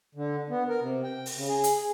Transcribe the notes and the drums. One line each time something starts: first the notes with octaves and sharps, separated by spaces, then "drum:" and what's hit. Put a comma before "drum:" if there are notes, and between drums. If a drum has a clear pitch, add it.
D3
B3
A#4
C3
G5
drum: open hi-hat
C#3
G#4
drum: hi-hat
G#4